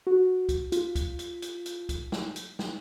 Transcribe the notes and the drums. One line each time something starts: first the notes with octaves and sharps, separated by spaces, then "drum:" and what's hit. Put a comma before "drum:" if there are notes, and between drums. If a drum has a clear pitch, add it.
F#4
drum: kick, hi-hat
F4, drum: hi-hat
drum: kick, hi-hat
drum: hi-hat
drum: hi-hat
drum: hi-hat
drum: kick, hi-hat
drum: snare
drum: hi-hat
drum: snare